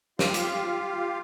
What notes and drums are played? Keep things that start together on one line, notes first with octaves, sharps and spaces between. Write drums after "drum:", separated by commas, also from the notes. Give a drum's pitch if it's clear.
F4 G4 F5, drum: snare
drum: hi-hat